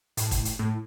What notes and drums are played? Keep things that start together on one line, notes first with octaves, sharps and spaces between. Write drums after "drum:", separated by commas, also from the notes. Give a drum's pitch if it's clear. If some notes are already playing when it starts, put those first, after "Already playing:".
A2, drum: hi-hat
drum: kick, hi-hat
drum: hi-hat
A2